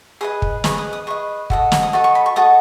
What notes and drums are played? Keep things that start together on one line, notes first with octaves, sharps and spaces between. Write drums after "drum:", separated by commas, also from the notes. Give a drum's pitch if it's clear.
G#4 B4 D#5 D#6
drum: kick
G#4 B4 D#5 C#6, drum: snare
D#6
D#6
G#4 B4 D#5 C#6
F#4 A4 D#5, drum: kick
drum: snare
D#6
F#4 A4 D#5 C#6
C#6
B5
C#6
F#4 A4 D#5 D#6